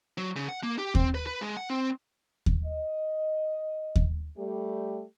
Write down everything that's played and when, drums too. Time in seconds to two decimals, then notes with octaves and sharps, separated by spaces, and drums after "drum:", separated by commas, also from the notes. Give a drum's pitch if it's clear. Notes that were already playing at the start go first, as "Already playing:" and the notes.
0.18 F#3
0.36 C#3
0.49 F#5
0.63 A#3
0.78 G4
0.95 C4, drum: kick D#2
1.15 B4
1.27 B4
1.41 G#3
1.57 F#5
1.70 C4
2.46 drum: kick D#2
2.66 D#5
3.96 drum: kick D#2
4.37 G3 A3 G4